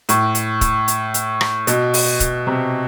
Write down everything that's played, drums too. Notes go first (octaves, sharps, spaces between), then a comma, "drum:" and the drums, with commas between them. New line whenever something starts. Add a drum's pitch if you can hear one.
A2, drum: hi-hat
drum: hi-hat
drum: kick D#1, hi-hat
drum: hi-hat
drum: hi-hat
drum: rim click
B2, drum: hi-hat
drum: open hi-hat
drum: kick D#1, hi-hat
C3